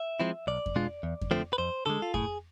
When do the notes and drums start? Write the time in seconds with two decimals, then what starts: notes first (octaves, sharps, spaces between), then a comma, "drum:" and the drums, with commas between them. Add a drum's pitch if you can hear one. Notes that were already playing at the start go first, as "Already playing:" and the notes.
Already playing: E5
0.20 F3 G#3 C4 E4
0.47 B1 D5
0.66 drum: kick F2
0.76 B2 G#3 D4 F4
1.03 E2
1.21 drum: kick F2
1.31 D3 F3 A3 C4
1.53 B4
1.58 F2 C5
1.86 D3 G#3 A4
2.02 F4
2.14 A2 G#4, drum: kick F2